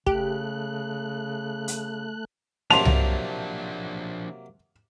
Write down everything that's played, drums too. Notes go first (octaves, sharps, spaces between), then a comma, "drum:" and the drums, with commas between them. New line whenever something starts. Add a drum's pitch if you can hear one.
C#3 A3 G4 F#6, drum: kick
drum: hi-hat
C3 F3 F#3 A#3 D4 A5 C6 F7, drum: snare C#4
drum: tom C2